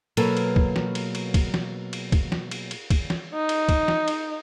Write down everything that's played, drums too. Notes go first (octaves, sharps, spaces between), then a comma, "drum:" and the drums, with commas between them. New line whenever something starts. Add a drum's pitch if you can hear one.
B2 F#3 A#3 A4 B4, drum: cymbal
drum: cymbal
drum: kick
drum: snare
drum: cymbal
drum: cymbal
drum: kick, cymbal
drum: snare
drum: cymbal
drum: kick, cymbal
drum: snare
drum: cymbal
drum: cymbal
drum: kick, cymbal
drum: snare
D#4
drum: cymbal
drum: kick, cymbal
drum: snare
drum: cymbal